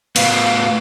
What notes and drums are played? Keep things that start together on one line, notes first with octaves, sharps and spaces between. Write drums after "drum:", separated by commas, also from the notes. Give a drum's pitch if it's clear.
A2 B3 F5, drum: cymbal